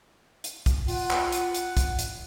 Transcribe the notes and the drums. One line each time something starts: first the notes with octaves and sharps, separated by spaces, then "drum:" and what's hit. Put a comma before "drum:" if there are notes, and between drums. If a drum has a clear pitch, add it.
drum: hi-hat
drum: kick, hi-hat
F4 F#5, drum: open hi-hat
drum: clap
drum: hi-hat
drum: hi-hat
drum: kick, hi-hat
drum: hi-hat